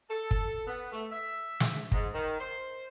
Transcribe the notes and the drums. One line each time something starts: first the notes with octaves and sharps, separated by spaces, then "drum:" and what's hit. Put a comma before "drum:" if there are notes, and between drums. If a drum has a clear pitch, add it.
A4
drum: kick
B3
A3
E5
drum: snare
G#2, drum: kick
D#3
C5